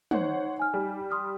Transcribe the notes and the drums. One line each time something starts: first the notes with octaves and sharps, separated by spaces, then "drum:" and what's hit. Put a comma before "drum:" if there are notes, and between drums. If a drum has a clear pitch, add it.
D#4 C5 C#5 F#5, drum: tom
G#5 F6
G3
C6 D#6 F6